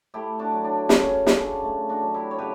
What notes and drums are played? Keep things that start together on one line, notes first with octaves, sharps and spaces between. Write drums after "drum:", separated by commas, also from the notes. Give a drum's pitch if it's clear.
A3 E4 G4
D4 F#4
F#3
D4
C#3 C#4, drum: snare
C#3, drum: snare
D4
A3
D4 F#4
F#3
E4 G4
C#5
C#3 G4 B4